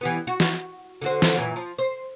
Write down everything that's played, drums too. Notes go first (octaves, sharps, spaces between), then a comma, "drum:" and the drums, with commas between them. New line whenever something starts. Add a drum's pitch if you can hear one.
E3 G3 B3
F#4
drum: snare
D3 F#4 C5
drum: snare
F#2 A#2 E3
F3
C5